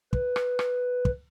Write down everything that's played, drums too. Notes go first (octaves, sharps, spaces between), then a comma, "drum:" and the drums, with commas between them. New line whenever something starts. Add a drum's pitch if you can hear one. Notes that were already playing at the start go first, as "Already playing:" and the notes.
B4, drum: kick
drum: rim click
drum: rim click
drum: kick